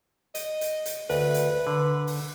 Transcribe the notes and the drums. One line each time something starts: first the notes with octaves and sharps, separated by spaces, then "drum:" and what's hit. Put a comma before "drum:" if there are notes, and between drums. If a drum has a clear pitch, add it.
D#5, drum: hi-hat
drum: hi-hat
drum: hi-hat
D2 B4, drum: open hi-hat
drum: hi-hat
D3
drum: open hi-hat